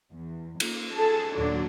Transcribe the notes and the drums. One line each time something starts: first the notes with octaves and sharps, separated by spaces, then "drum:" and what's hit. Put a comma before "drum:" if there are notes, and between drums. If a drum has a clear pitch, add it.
E2
A#3, drum: cymbal
G#4 A4 A5
D#2 A#2 D3 F#3 D4